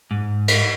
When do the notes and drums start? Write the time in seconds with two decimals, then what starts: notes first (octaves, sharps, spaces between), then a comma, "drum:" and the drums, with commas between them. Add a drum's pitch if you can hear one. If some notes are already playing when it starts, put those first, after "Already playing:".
0.11 G#2
0.48 drum: cymbal